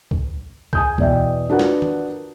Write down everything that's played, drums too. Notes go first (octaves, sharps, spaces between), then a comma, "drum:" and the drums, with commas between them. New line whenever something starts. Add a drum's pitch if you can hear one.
drum: kick C2
G#5 D#6 G6, drum: kick C2
E2 B2 D5 E5 G5, drum: kick C2
D4 F4 F#4 A#4 B4 F#5
drum: snare
drum: tom D#3